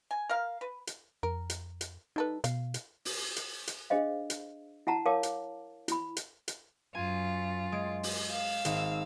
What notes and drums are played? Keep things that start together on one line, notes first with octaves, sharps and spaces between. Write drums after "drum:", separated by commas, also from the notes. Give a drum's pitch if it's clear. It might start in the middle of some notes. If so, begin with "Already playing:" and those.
G#5
A#4 F5
B4
drum: hi-hat
F2 A#4
drum: hi-hat
drum: hi-hat
G3 D#4 A4 B4
B2 F5, drum: hi-hat
drum: hi-hat
drum: open hi-hat
drum: hi-hat
drum: hi-hat
D4 G#4 C5 D#5 F5
drum: hi-hat
E4 F#5 A5 A#5
A#4 C#5 F5 A5 D6
drum: hi-hat
E4 B5, drum: hi-hat
drum: hi-hat
drum: hi-hat
F#2 F4 G#5
G#3 D7
drum: open hi-hat
F5 E6
G#1, drum: hi-hat